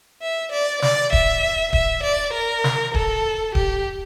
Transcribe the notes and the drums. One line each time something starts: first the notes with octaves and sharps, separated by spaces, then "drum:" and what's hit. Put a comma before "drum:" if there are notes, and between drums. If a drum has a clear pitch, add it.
E5
D5
D5, drum: snare
E5, drum: kick D1
E5, drum: kick D1
D5
A#4
drum: snare
A4, drum: kick D1
G4, drum: kick D1